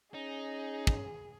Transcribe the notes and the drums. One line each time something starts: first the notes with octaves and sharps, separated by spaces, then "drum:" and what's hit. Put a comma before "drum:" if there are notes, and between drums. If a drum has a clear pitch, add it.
C#4 D#4 G#4
drum: kick